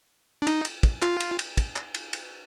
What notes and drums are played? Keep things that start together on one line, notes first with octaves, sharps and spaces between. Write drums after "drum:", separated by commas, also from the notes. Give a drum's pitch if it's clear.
D4
D#4, drum: cymbal
drum: cymbal
drum: kick, cymbal
F4, drum: clap
drum: cymbal
drum: cymbal
drum: kick, cymbal
drum: clap
drum: cymbal
drum: cymbal